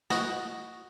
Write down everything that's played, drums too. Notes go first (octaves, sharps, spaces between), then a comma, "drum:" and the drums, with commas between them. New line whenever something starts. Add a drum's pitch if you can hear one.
F#4 D#5 F#5, drum: snare